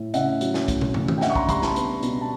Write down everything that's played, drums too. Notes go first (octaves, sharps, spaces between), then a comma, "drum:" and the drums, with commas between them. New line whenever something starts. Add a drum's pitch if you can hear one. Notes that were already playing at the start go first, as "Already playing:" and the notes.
Already playing: A2
C#3 E5 F#5, drum: hi-hat
F#3, drum: hi-hat
drum: snare
A3, drum: kick, hi-hat
drum: tom
C#3, drum: tom
drum: tom D#3
G5
D4 E5 F#5, drum: snare
C#6
A#5 C6, drum: kick
G3 A#5 C6, drum: kick, hi-hat
A5 B5, drum: snare
B3, drum: hi-hat
B2, drum: hi-hat
A5